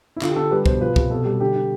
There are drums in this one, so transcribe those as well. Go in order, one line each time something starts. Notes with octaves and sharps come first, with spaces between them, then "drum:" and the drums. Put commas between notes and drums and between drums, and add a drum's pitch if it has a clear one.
E4
D3 F4, drum: clap
G4
D3 A4
G3 B4
B2 C5, drum: kick C2
F3 B4
C3, drum: kick C2
B2 A4
G3
D3 G4
D3